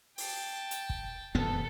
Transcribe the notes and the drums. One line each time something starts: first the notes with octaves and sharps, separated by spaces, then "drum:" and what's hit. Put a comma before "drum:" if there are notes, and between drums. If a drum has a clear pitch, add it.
G5 A5, drum: open hi-hat
drum: hi-hat
drum: kick
D#1 F2 B3 A4